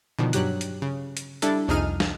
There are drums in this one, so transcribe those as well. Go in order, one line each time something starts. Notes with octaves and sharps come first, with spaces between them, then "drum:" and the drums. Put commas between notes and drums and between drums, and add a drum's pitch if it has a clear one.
B2 D3 D#3 F3
G2 F#3 G4 F#6, drum: hi-hat
drum: hi-hat
C#3
drum: hi-hat
G3 D4 E4 A4 A6, drum: hi-hat
C2 F2 D#4 G#4 F6 D#7
drum: snare